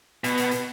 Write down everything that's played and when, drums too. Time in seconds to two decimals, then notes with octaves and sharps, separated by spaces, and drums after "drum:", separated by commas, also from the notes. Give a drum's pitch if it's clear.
0.24 B2, drum: hi-hat
0.37 drum: hi-hat
0.51 drum: hi-hat